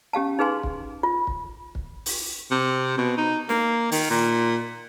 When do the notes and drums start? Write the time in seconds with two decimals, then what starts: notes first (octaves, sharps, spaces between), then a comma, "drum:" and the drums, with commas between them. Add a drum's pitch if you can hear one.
0.13 C#4 G4 F5 A5
0.39 D#4 G#4 B4 F5 G#5 C6
0.63 drum: kick
1.03 F4
1.27 drum: kick
1.75 drum: kick
2.06 drum: open hi-hat
2.51 C3
2.98 B2
3.17 D#4
3.49 A#3, drum: snare
3.92 D#3, drum: open hi-hat
4.10 A#2